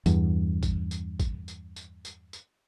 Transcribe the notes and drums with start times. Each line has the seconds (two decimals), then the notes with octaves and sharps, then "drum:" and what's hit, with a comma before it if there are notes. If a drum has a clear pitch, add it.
0.06 E2 G2, drum: tambourine
0.63 drum: kick, tambourine
0.91 drum: tambourine
1.20 drum: kick, tambourine
1.48 drum: tambourine
1.76 drum: tambourine
2.05 drum: tambourine
2.33 drum: tambourine